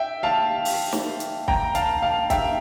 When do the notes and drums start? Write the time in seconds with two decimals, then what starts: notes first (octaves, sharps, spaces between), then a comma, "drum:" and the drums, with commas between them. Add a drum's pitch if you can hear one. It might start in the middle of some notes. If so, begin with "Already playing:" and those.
Already playing: E5 G5
0.23 F5 A5
0.65 drum: open hi-hat
0.93 drum: snare
1.20 drum: hi-hat
1.48 G5 A#5, drum: kick
1.75 F5 A5, drum: hi-hat
2.02 F5 A5
2.30 E5 G5, drum: kick, hi-hat